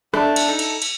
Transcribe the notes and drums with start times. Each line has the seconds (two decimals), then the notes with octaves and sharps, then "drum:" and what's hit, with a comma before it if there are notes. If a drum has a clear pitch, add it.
0.14 A3 D4, drum: rim click
0.36 drum: cymbal
0.48 D#4 A4
0.59 drum: cymbal
0.82 drum: cymbal